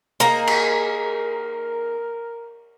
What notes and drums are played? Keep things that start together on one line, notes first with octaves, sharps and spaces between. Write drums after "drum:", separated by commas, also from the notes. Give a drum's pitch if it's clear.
A#3 D#4 G#4 A#4 A#5
drum: cymbal